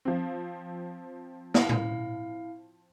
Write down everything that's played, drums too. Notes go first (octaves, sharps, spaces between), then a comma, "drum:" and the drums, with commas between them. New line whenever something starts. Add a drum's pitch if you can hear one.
F3 C4
E4 F5, drum: snare
drum: tom A2